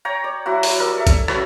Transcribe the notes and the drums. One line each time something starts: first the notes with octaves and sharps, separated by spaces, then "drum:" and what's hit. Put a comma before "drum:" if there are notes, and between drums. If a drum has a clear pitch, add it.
C#5 G5 A#5
D5
F#3 E4 F#4 F#5
drum: open hi-hat
G3 A#4 E6
A4 E5
drum: kick A#1, hi-hat
C#4 F#4 B4, drum: rim click